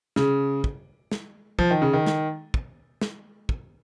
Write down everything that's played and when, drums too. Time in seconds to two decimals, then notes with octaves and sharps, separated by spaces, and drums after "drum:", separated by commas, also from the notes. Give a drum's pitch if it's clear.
0.16 C#3, drum: snare
0.64 drum: kick
1.12 drum: snare
1.59 F3, drum: kick
1.71 D#3
1.82 C#3
1.93 D#3
2.07 drum: snare
2.54 drum: kick
3.01 drum: snare
3.49 drum: kick